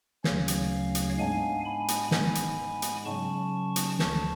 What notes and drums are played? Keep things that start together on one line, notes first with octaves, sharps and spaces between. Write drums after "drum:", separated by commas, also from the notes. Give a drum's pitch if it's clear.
D2 C#3 F#3 C#4 C#5 F5, drum: snare
drum: hi-hat
drum: hi-hat
G#2 G#3 B3 D4 F5 G#5
G#5 B5
drum: hi-hat
G#2 G#3 B3 G#5 B5, drum: snare
drum: hi-hat
drum: hi-hat
C#3 F#3 C#4 A5 C#6
drum: hi-hat
D2 D3 F3 A5 C#6, drum: snare